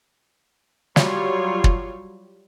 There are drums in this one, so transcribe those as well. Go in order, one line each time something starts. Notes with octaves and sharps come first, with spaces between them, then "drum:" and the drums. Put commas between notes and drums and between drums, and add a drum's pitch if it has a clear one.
F#3 G3 F4 C#5, drum: snare
drum: kick